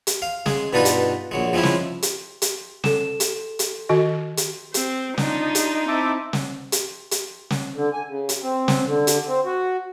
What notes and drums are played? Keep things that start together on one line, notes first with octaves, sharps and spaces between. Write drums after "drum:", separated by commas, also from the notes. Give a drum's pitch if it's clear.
drum: hi-hat
F5
G#3 G#4, drum: snare
G2 B2 D4 D#4 F4 B4
drum: hi-hat
A#1 F#3 G#3
F3 G#3 C4 C#4 E4
drum: snare
drum: hi-hat
drum: hi-hat
A4 E7, drum: snare
drum: hi-hat
drum: hi-hat
D#3 F#4 D#5
drum: hi-hat
C4, drum: hi-hat
D4 D#4 F4, drum: snare
drum: hi-hat
C4 E4 E5 A5 D6
drum: snare
drum: hi-hat
drum: hi-hat
drum: snare
D3
G#5
C#3
drum: hi-hat
C4
drum: snare
D3
drum: hi-hat
C4
F#4